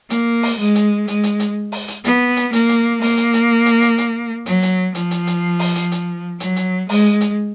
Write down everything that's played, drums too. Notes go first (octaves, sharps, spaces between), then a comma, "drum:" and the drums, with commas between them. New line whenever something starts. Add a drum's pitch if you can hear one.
A#3, drum: hi-hat
drum: open hi-hat
G#3
drum: hi-hat
G#3, drum: hi-hat
drum: hi-hat
drum: hi-hat
drum: open hi-hat
drum: hi-hat
B3, drum: hi-hat
drum: hi-hat
A#3, drum: hi-hat
drum: hi-hat
A#3, drum: open hi-hat
drum: hi-hat
drum: hi-hat
drum: hi-hat
drum: hi-hat
drum: hi-hat
F#3, drum: hi-hat
drum: hi-hat
F3, drum: hi-hat
drum: hi-hat
drum: hi-hat
drum: open hi-hat
drum: hi-hat
drum: hi-hat
F#3, drum: hi-hat
drum: hi-hat
G#3, drum: open hi-hat
drum: hi-hat